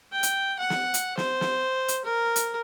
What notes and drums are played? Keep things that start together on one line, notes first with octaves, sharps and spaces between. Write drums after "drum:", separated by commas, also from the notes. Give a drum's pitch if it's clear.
G5
drum: hi-hat
F#5
drum: snare
drum: hi-hat
C5, drum: snare
drum: snare
drum: hi-hat
A#4
drum: hi-hat